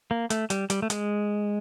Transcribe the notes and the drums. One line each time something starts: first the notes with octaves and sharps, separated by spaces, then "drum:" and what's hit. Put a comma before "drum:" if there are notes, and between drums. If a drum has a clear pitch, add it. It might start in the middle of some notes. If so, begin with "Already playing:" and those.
A#3
A3, drum: hi-hat
G3, drum: hi-hat
G3, drum: hi-hat
A3
G#3, drum: hi-hat